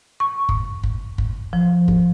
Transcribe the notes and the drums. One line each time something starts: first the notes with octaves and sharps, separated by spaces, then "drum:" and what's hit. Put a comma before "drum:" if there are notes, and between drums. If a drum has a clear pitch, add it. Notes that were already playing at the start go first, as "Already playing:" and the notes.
C#6
drum: kick
drum: kick
drum: kick
F3
drum: kick